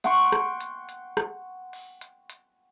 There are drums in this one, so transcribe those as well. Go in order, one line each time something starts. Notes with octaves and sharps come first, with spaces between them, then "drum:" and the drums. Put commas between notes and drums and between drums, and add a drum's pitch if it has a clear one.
F#5 G5 C6 C#6, drum: hi-hat
drum: rim click
drum: hi-hat
drum: hi-hat
drum: rim click
drum: open hi-hat
drum: hi-hat
drum: hi-hat